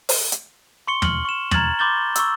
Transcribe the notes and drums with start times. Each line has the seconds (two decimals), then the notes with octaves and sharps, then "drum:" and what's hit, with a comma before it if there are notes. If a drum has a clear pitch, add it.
0.09 drum: open hi-hat
0.32 drum: hi-hat
0.87 C6 C#6 C#7 G7
1.02 F6 F#7, drum: tom
1.25 C#6 E7
1.51 A#5 F6 G#6 A6 F#7, drum: tom
1.79 B5 C6 D6 G6 A6 G7
2.16 C#6 E6, drum: hi-hat